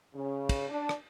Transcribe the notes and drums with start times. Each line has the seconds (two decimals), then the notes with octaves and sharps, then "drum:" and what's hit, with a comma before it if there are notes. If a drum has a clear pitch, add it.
0.15 C#3
0.49 drum: kick, cymbal
0.69 D4
0.89 drum: rim click